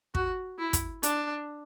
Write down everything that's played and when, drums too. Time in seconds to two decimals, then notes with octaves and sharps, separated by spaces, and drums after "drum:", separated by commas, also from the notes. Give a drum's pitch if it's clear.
0.15 F#4, drum: kick
0.59 E4
0.73 drum: kick, hi-hat
1.03 D4, drum: hi-hat